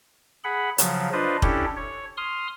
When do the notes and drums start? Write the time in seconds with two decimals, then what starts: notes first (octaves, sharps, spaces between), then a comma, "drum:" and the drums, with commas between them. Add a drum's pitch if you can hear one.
0.44 G#4 F#5 B5
0.78 C#3 F3 F#3, drum: hi-hat
1.13 D4 F4 B4 C5 D#5
1.42 C#4 D4 E4 G4 A4, drum: kick
1.76 C#5
2.17 C6 D#6 F6